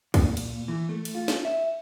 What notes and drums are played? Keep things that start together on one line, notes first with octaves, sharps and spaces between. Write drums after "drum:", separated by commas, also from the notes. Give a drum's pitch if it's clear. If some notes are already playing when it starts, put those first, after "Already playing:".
A#2, drum: kick, cymbal
drum: cymbal
E3
A3
drum: cymbal
F4
drum: snare
E5